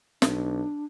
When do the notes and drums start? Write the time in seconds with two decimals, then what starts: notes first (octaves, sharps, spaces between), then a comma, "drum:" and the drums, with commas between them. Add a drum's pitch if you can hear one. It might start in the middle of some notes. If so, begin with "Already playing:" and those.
0.22 B1 D4, drum: snare